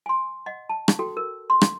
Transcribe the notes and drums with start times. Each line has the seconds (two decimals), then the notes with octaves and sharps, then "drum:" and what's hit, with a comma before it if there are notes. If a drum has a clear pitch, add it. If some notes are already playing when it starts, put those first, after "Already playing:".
0.06 G#5 C6
0.46 D#5 F#5
0.69 A5
0.88 drum: rim click
0.99 F#4 A4 G5
1.17 A#4
1.50 C6
1.61 drum: rim click